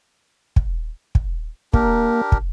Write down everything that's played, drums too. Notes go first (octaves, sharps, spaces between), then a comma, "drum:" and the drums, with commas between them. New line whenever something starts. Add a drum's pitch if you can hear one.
drum: kick
drum: kick
A#3 D4 G4 A#4, drum: kick
drum: kick